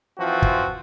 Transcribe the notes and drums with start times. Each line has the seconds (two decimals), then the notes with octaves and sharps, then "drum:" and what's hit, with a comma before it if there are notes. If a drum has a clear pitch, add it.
0.18 E3 F3 C4 F4 F#4
0.42 drum: kick